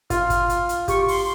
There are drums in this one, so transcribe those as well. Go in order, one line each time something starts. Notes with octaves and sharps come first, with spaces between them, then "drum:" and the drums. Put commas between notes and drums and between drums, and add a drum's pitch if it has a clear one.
F4 F6, drum: kick, hi-hat
drum: kick, hi-hat
drum: hi-hat
drum: hi-hat
G4 C#6, drum: kick, hi-hat
C6, drum: open hi-hat